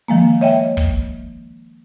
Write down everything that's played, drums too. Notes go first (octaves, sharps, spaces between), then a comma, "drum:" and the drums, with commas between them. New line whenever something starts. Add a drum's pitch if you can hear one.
D#3 F3 G#3 A#3
C#5 D#5 E5 G5
drum: kick